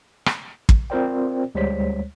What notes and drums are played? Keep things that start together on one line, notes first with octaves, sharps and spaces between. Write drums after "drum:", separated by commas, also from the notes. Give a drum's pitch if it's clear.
drum: rim click
drum: kick
C4 F4 A#4 C5 D5 G5
D2 G3 G#3 C5 C#5 B6